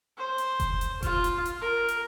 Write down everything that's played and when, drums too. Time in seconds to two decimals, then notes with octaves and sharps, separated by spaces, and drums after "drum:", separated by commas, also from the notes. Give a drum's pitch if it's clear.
0.18 C5
0.38 drum: hi-hat
0.60 drum: kick F1, hi-hat
0.81 drum: hi-hat
1.03 F4, drum: kick F1, hi-hat
1.24 drum: hi-hat
1.46 drum: hi-hat
1.61 A#4
1.88 drum: hi-hat